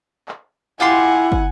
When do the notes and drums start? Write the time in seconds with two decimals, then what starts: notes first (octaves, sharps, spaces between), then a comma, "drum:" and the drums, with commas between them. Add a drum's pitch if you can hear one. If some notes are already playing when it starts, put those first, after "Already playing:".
0.28 drum: clap
0.80 E4 F4 G4 F#5 G#5 C6
1.32 drum: kick